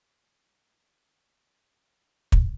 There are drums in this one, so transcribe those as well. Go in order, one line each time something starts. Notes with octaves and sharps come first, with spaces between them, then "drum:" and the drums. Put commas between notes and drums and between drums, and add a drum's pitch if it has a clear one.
C#4 D#5 E5 G#5 C7
F#3
C5 A5
G#5 C6 D6
drum: kick